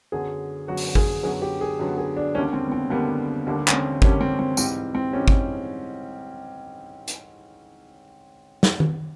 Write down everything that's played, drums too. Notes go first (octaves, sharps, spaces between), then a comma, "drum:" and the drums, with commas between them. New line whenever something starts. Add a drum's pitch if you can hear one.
F#2 D3 F#3 B3 G#4
F#2 D3 F#3 B3 F#4
drum: open hi-hat
G#4, drum: kick
F#2 D3 F#3 B3 G#4
G4
G#4
F#2 D3 F#3 B3
G#4
D4
D#2 D3 G3 A#3 C#4 D4
C4
B3
C4
D#2 D3 G3 A#3 B3 D4
D#2 D3 G3 A#3 D4
C#4, drum: clap
C4
D#2 D3 G3 A#3 C#4 D4, drum: kick
C4
C4
G#2 E3 G3 C4, drum: tambourine
C4
G#2 E3 G3 C#4
drum: kick
drum: hi-hat
drum: snare
drum: tom D#3